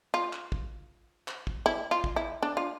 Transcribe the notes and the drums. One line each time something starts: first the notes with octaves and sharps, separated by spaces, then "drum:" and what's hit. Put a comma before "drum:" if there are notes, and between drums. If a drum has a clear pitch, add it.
F4
drum: clap
drum: kick
drum: clap
drum: kick
E4
F4
drum: kick
E4
D4
F4